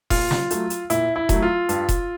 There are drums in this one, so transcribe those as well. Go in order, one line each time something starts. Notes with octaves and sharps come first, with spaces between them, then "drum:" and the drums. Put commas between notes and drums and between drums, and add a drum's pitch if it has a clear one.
A#2 F4, drum: kick E1, open hi-hat
drum: snare
F#3 A3, drum: hi-hat
drum: hi-hat
A#2 E4, drum: hi-hat
E4
F#3 A3, drum: kick E1, hi-hat
F4
G2, drum: hi-hat
drum: kick E1, hi-hat